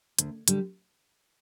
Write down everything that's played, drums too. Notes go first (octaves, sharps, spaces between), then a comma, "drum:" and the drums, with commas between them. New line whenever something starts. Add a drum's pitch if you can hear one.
D2, drum: hi-hat
D3 G3, drum: hi-hat